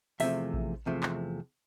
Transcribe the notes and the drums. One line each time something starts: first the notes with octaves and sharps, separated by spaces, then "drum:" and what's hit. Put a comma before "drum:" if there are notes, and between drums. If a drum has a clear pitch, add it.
E2 C3 F3 A3 E5, drum: open hi-hat
drum: kick A1
E2 C3 F3 A3
drum: clap